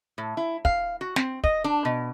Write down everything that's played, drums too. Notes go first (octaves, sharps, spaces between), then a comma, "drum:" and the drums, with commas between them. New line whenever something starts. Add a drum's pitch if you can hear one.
A2
E4
F5, drum: kick
F#4
C4, drum: snare
D#5, drum: kick
D4
B2